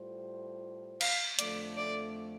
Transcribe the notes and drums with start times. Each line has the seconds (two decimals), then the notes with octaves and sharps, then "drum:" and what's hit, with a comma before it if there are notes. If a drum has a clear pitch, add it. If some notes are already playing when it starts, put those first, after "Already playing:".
Already playing: A2 G3 F4 C5
1.01 F5, drum: cymbal
1.39 F2 D3 F3 A3 D5, drum: hi-hat
1.77 D5